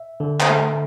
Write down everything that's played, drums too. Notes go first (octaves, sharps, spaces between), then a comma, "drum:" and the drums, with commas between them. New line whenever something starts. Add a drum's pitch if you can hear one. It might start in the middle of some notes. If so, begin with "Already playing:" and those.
Already playing: E5
D3
drum: clap
A3